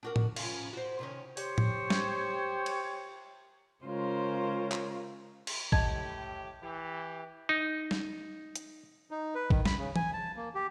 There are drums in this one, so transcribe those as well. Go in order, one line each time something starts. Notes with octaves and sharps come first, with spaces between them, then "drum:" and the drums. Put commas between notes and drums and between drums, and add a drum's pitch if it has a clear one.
D4 F#4 A#4
drum: tom A2
F3 C#4 F5, drum: cymbal
F#4 C5
C3 D#3 C#4
G4 C5 C#5, drum: open hi-hat
drum: tom A2
drum: snare
drum: cymbal
C#3 G#3 F4 A#4 C5 C#5
drum: clap
drum: cymbal
A2 G4 D#5 A5 G#6, drum: kick A#1
E3 G4
D#4
drum: snare
drum: hi-hat
D#4
B4
D#3, drum: kick A#1
B5, drum: snare
C#3
G#5, drum: tom
A5
A#3
G4